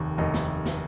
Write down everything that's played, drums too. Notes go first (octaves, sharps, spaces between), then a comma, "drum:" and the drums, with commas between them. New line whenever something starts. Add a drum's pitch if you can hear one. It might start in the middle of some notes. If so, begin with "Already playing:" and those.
Already playing: F1 D#2 D#3
F1 D#2 D#3 D#5
drum: snare
drum: snare